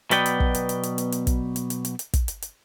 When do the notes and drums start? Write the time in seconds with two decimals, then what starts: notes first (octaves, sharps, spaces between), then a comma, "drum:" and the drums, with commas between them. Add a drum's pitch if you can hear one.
0.11 B2 F#3 B3 B4 D5 G5, drum: hi-hat
0.26 drum: hi-hat
0.40 drum: kick
0.55 drum: hi-hat
0.69 drum: hi-hat
0.83 drum: hi-hat
0.98 drum: hi-hat
1.12 drum: hi-hat
1.27 drum: kick, hi-hat
1.56 drum: hi-hat
1.70 drum: hi-hat
1.85 drum: hi-hat
1.99 drum: hi-hat
2.14 drum: kick, hi-hat
2.28 drum: hi-hat
2.42 drum: hi-hat